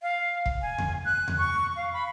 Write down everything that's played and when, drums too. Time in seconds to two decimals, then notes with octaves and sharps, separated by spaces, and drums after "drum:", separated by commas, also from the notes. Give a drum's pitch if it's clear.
0.02 F5
0.46 drum: kick
0.62 G#5
0.78 drum: tom E2
1.05 F#6
1.28 drum: tom E2
1.38 C#6
1.76 F5
1.93 B5